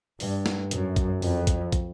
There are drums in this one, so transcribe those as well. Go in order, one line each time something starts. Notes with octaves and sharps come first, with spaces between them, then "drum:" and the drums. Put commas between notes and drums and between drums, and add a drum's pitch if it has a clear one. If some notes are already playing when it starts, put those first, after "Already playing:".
G2, drum: open hi-hat
drum: snare
F#2, drum: hi-hat
drum: kick, hi-hat
F2, drum: open hi-hat
drum: kick, hi-hat
drum: kick, hi-hat